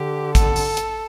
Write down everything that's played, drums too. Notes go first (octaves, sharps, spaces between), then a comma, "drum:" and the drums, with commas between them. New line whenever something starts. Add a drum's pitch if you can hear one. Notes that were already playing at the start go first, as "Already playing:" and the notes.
Already playing: D3 G4
A4, drum: kick A1, hi-hat
drum: open hi-hat
drum: hi-hat